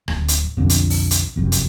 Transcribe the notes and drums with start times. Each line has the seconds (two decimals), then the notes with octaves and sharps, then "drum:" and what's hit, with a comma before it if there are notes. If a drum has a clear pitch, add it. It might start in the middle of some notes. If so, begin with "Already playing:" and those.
0.08 D1, drum: rim click
0.28 drum: hi-hat
0.57 B1 F2 D3
0.69 drum: hi-hat
0.90 drum: open hi-hat
1.11 drum: hi-hat
1.36 F1 C2 F#2
1.52 drum: hi-hat